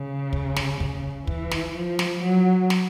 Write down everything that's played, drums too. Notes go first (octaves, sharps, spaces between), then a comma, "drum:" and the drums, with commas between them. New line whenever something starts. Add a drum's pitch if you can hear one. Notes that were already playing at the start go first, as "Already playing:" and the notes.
Already playing: C#3
drum: kick
drum: snare
C#3, drum: kick
E3, drum: kick
drum: snare
F3
drum: snare
F#3
drum: snare